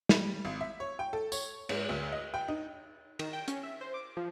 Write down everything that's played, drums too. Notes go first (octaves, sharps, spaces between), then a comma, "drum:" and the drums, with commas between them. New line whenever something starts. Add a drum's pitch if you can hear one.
G3, drum: snare
G#1
E5
C#5
G5
A4
C#5, drum: tambourine
G#2, drum: cymbal
D2
D#5
G5
D#4
D#3, drum: cymbal
G5
C#4, drum: hi-hat
E5
C5
D6
F3